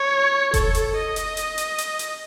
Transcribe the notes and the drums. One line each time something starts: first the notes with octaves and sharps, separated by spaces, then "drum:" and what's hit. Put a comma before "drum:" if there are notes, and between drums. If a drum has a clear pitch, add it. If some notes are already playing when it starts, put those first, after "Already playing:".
Already playing: C#5
A4, drum: kick F1, hi-hat
drum: hi-hat
D#5
drum: hi-hat
drum: hi-hat
drum: hi-hat
drum: hi-hat
drum: hi-hat